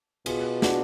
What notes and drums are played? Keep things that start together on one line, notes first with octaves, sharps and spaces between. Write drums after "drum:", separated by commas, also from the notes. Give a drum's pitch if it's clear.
B2 F4 G#4, drum: cymbal
D4 F#4, drum: snare